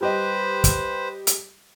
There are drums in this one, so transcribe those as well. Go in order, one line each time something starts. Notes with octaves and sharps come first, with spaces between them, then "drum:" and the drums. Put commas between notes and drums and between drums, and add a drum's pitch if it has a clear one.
G3 G4 B4 C5 D#5
drum: kick, hi-hat
drum: hi-hat